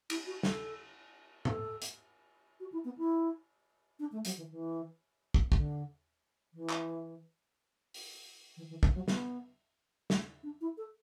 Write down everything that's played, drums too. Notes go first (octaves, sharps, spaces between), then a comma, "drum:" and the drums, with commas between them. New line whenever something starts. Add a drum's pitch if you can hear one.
E4, drum: cymbal
F#4
A4, drum: snare
A4, drum: tom A2
drum: hi-hat
F#4
E4
B3
E4
D4
A3
F#3, drum: hi-hat
E3
E3
drum: kick
D3, drum: kick
E3
drum: clap
drum: open hi-hat
E3
E3
D3, drum: kick
F#3
B3, drum: snare
A3, drum: snare
D4
E4
A4